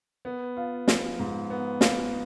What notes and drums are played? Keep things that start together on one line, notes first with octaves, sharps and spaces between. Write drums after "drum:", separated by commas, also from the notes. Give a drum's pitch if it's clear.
B3
F4
F3, drum: snare
G#2
B3
F4, drum: snare